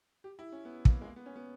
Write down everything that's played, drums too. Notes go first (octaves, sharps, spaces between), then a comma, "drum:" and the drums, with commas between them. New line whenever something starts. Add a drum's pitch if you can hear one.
G4
E4
C#4
B3
A#3, drum: kick
G#3
A#3
B3
C#4
B3